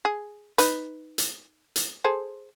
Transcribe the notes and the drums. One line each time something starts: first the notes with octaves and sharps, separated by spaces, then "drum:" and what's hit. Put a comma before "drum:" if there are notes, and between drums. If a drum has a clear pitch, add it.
G#4
D#4 B4, drum: hi-hat
drum: hi-hat
drum: hi-hat
G#4 A4 C5